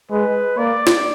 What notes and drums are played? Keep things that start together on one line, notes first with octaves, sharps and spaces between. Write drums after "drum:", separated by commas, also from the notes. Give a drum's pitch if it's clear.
G#3 B4
A#3 D5
drum: snare